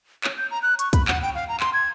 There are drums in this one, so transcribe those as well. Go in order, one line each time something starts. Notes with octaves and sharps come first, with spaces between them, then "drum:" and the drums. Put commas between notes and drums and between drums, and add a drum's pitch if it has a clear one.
C#5, drum: clap
G6
A#5
F#6
C#6, drum: hi-hat
B5, drum: kick, hi-hat
F#5, drum: clap
G5
F5
A#5
C6, drum: clap
G#6